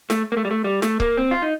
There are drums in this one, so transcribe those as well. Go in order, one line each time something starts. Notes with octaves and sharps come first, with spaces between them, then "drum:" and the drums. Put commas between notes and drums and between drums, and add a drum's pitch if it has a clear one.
A3, drum: snare
A#3
A3
G3
A3
G3
A3, drum: snare
A#3, drum: kick C#1
C4
F4
D#4